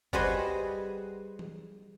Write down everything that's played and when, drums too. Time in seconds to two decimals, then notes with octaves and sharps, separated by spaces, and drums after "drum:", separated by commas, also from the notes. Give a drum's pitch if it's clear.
0.13 G3 F#4 G#4 B4 C5 D#5, drum: kick G1
1.39 drum: tom